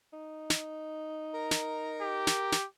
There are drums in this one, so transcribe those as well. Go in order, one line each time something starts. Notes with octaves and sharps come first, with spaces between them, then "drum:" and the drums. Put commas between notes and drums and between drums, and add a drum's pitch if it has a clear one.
D#4
drum: snare
A#4 A#5
drum: snare
G4
drum: snare
drum: snare